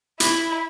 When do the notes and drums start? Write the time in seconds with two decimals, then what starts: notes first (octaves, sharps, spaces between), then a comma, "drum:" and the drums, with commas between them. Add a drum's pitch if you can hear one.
0.20 E4, drum: hi-hat